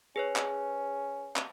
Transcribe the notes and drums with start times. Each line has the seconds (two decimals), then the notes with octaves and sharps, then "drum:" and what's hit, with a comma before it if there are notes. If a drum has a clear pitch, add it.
0.16 C#4 G#4 B4 C#5
0.36 drum: clap
1.36 drum: clap